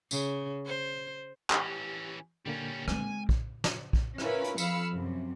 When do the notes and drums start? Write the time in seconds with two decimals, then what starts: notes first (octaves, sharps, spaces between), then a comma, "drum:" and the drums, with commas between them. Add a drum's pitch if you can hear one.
0.11 C#3, drum: tambourine
0.67 C5
1.50 E3 C#4 G4, drum: clap
2.46 A#2 D3 G3 A#3 C#4
2.88 G#3 C4 G#5, drum: rim click
3.29 drum: kick
3.64 drum: snare
3.93 drum: kick
4.18 C#4 E4 F4 A#4 B4 B5, drum: rim click
4.44 drum: hi-hat
4.58 F2 F3 F5 B5 E6 C#7, drum: tambourine
4.91 F#2 C3